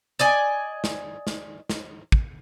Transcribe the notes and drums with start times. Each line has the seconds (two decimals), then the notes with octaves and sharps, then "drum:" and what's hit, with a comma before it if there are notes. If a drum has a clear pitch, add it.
0.19 D5 D#5 G#5
0.84 drum: snare
1.27 drum: snare
1.69 drum: snare
2.12 drum: kick